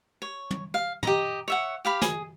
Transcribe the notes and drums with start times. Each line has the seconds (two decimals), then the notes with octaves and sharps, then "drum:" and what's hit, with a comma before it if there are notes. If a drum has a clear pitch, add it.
0.22 C#5
0.51 drum: tom
0.74 F5
1.03 G4 D#5 A#5, drum: tom
1.48 C#5 E5 F#5
1.85 G4 F5 B5
2.02 G#4, drum: snare